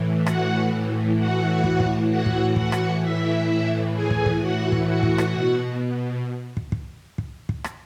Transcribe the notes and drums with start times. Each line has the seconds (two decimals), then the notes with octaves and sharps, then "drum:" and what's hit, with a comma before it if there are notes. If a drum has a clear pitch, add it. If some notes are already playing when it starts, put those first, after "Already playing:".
Already playing: A2 E3
0.26 F#4 F#5, drum: rim click
0.72 A2 E3
1.19 F#4 F#5
1.64 A2 E3, drum: kick
1.80 drum: kick
2.11 F#4 F#5
2.26 drum: kick
2.56 A2 E3 F#4 F#5, drum: kick
2.72 drum: rim click
3.02 E4 E5
3.49 A2 E3
3.95 G#4 G#5
4.11 drum: kick
4.26 drum: kick
4.41 A2 E3 F#4 F#5
4.72 drum: kick
4.87 F#4 F#5
5.03 drum: kick
5.18 drum: rim click
5.33 B2
6.57 drum: kick
6.72 drum: kick
7.18 drum: kick
7.49 drum: kick
7.64 drum: rim click